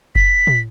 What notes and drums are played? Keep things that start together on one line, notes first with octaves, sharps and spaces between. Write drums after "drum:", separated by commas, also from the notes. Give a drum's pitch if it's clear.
B6, drum: kick F#1
drum: tom